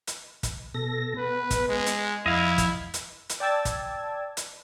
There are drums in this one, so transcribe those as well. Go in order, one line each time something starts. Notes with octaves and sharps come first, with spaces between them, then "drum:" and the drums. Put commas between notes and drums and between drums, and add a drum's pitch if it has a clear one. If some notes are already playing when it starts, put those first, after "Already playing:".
drum: hi-hat
drum: kick, hi-hat
B2 A4 A#6
B3 B4
drum: kick, hi-hat
G#3
drum: hi-hat
F2 E4 D#5 F5 G#6
drum: kick, hi-hat
drum: hi-hat
drum: hi-hat
D5 G5 A5 E6 G#6 A6
drum: kick, hi-hat
drum: hi-hat